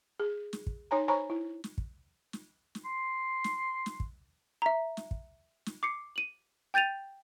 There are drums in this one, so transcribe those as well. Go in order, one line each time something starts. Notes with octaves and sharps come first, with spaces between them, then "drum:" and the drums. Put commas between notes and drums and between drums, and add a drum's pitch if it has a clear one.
G#4
drum: snare
drum: kick
D#4 C#5 G#5 A#5
C5 C#5 G#5 A#5 B5 C#6
E4
drum: snare
drum: kick
drum: snare
drum: snare
C6
drum: snare
drum: snare
drum: kick
E5 A#5
drum: snare
drum: kick
drum: snare
D6 C7 C#7
D#7 F#7
G5 G6 A6 D#7 F7